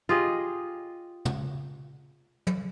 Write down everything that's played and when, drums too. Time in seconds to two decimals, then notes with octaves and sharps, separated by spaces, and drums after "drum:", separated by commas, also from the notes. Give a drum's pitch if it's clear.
0.09 F4 G4 G#4 D#5
1.25 drum: tom
2.47 drum: tom